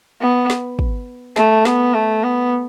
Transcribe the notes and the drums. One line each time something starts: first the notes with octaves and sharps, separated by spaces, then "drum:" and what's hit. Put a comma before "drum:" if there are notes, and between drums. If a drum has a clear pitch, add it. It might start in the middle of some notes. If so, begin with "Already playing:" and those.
B3
drum: snare
drum: kick
A3, drum: snare
B3, drum: snare
A3
B3